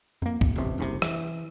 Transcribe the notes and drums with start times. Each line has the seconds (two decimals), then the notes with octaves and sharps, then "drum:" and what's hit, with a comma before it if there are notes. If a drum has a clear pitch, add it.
0.22 F2 A#3
0.41 D1, drum: kick C#2
0.57 E1 A1 C3
0.78 F#1 C2 C3
1.02 E3, drum: rim click